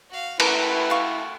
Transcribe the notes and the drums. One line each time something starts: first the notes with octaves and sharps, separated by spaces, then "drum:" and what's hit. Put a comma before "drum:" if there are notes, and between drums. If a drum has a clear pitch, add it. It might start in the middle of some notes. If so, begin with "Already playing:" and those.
F#4 F5
A3 E4 F#4 A#4 B4, drum: cymbal
F5 C#6